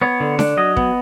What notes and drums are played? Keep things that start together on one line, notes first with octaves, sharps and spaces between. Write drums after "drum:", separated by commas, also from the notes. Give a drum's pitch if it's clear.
B3 C#5
D3
D4, drum: snare D4
F#3 D#5
B3, drum: kick